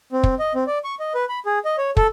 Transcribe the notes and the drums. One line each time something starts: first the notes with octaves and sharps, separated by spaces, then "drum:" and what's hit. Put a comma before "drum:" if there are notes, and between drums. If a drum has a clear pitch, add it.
C4
drum: kick
D#5
C4
D5
C#6
D#5
B4
B5
G#4
D#5
C#5
A4, drum: kick